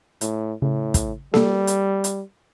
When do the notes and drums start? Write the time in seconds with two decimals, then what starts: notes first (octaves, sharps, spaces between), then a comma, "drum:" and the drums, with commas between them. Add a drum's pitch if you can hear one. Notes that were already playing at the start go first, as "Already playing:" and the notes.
0.21 A2, drum: hi-hat
0.62 A2 C#3
0.94 drum: kick, hi-hat
1.34 G3 A#3 A4, drum: snare A#3
1.67 drum: hi-hat
2.04 drum: hi-hat